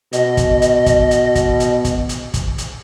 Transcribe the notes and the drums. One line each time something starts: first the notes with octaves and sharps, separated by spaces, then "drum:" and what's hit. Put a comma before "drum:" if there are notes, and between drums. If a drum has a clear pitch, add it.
B2 D#5, drum: hi-hat
drum: kick, hi-hat
drum: hi-hat
drum: kick, hi-hat
drum: hi-hat
drum: kick, hi-hat
drum: hi-hat
drum: kick, hi-hat
drum: hi-hat
drum: kick, hi-hat
drum: hi-hat